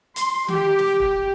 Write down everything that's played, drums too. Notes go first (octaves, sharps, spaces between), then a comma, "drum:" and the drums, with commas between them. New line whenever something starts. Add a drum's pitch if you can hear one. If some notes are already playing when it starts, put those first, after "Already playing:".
C6, drum: hi-hat
G4, drum: tom D#3
drum: snare
drum: kick